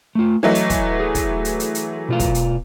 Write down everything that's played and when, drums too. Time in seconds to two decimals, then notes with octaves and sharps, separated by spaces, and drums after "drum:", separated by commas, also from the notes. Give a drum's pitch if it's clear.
0.15 A3 F4
0.43 E3 F#3 A3 C#5 D#5
0.55 drum: hi-hat
0.70 drum: kick, hi-hat
1.00 G#4
1.15 drum: kick, hi-hat
1.45 drum: hi-hat
1.60 drum: hi-hat
1.75 drum: hi-hat
2.09 B2 F4 F5
2.20 drum: kick, hi-hat
2.35 drum: hi-hat